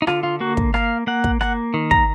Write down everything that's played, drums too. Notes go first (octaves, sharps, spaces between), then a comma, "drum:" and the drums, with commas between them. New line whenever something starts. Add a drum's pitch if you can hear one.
D#4
D3 F4, drum: rim click
F4
A#3 F#4
drum: kick
A#3 F5, drum: rim click
A#3 F#5
drum: kick
A#3 F#5, drum: rim click
D#3
A#5, drum: kick